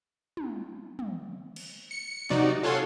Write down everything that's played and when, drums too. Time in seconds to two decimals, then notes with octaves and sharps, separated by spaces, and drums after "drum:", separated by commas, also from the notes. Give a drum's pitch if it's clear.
0.37 drum: tom
0.99 drum: tom
1.56 drum: cymbal
1.91 C#7
2.30 C3 D#4 F#4 D5, drum: snare
2.63 F4 A4 C#5 F#5 G#5 C6